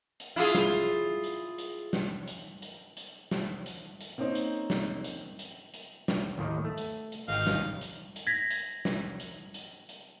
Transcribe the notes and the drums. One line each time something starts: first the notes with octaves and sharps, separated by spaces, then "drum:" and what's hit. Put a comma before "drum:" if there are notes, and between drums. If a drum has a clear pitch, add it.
drum: hi-hat
E4 F4 G#4
drum: snare
drum: hi-hat
drum: hi-hat
drum: snare
drum: hi-hat
drum: hi-hat
drum: hi-hat
drum: snare
drum: hi-hat
drum: hi-hat
A#3 C4 C#4 D#4 C5
drum: hi-hat
drum: snare
drum: hi-hat
drum: hi-hat
drum: hi-hat
drum: snare
D#2 A2 D#3
A3
drum: hi-hat
drum: hi-hat
G#1 D#4 F5 G5
drum: snare
drum: hi-hat
drum: hi-hat
G#6 A#6 B6
drum: hi-hat
drum: snare
drum: hi-hat
drum: hi-hat
drum: hi-hat